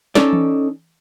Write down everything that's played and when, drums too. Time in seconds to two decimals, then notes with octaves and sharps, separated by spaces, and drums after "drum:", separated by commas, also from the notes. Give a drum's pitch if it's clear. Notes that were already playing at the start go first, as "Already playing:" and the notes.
0.15 C#4 D#4 A4 D5, drum: snare
0.33 drum: tom E3